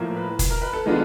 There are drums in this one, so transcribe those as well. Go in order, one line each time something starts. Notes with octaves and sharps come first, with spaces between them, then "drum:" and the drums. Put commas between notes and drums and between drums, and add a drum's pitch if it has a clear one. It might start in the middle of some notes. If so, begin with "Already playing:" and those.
Already playing: A2 F3 A#3
B4
drum: kick, hi-hat
A#4
B4
A4
D#3 G#3 B3 D4 F4